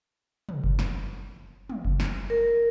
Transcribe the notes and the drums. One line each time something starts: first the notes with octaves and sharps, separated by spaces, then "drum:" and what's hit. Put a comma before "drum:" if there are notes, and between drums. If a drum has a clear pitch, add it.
drum: tom
drum: kick F#1
drum: snare
drum: tom
drum: kick F#1
drum: snare
A#4